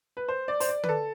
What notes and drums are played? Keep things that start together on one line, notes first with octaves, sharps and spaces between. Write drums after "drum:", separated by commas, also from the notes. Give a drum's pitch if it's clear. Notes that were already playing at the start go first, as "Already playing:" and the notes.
B4
C5
D5
C5, drum: open hi-hat
D5
B4, drum: tom
A4